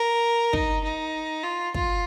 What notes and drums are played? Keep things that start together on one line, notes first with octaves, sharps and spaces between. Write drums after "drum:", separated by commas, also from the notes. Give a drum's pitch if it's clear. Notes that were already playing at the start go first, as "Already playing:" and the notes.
Already playing: A#4
D#4, drum: kick
D#4
F4
F4, drum: kick